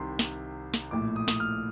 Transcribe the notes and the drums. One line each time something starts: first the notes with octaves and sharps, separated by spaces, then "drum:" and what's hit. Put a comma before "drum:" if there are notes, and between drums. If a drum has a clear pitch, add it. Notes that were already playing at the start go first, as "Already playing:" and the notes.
Already playing: C2 C3 D#3 C6
drum: snare
drum: snare
A#1 A2 D6
D#6
D#6, drum: snare
F6